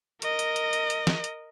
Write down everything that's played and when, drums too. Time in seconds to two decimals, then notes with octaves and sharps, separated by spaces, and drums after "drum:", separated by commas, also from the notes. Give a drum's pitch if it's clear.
0.22 A#4 D#5, drum: hi-hat
0.39 drum: hi-hat
0.56 drum: hi-hat
0.73 drum: hi-hat
0.90 drum: hi-hat
1.07 drum: snare
1.24 drum: hi-hat